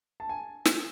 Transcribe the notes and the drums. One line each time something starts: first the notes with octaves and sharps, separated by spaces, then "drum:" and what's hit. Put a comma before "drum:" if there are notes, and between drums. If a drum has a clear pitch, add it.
A5
G#5
drum: snare